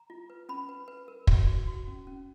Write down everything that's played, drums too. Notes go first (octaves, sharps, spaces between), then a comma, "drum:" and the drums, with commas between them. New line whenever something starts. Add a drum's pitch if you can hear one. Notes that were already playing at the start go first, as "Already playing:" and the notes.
Already playing: A#5
F4
B4
C#4 B5
B4
B4
A#4
F#4, drum: kick
F#4
F#4
C#4
C#4